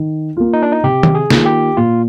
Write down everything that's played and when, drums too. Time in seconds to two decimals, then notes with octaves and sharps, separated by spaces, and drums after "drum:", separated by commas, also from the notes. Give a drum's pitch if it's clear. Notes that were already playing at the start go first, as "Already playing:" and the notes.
Already playing: D#3
0.37 A#3 F4
0.53 D#4
0.62 D4
0.72 D#4
0.83 C3 G4
1.03 drum: tom D#3
1.15 G#4
1.30 D#3 A#3 F4, drum: snare
1.45 G4
1.77 A#2 F4